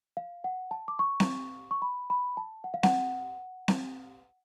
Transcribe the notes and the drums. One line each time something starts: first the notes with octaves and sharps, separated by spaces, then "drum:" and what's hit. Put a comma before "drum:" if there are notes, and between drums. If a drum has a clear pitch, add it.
F5
F#5
A5
D6
C#6
drum: snare C4
C#6
B5
B5
A5
F#5
F5
F#5, drum: snare C4
drum: snare C4